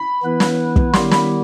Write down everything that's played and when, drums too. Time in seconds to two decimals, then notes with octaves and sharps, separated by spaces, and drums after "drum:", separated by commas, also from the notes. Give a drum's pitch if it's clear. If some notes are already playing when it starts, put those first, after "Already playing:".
Already playing: B5
0.23 E3 B3 E4 B4
0.40 drum: snare
0.76 drum: kick
0.93 D#3 G3 B3 E4 G4 C6, drum: snare
1.11 B5, drum: snare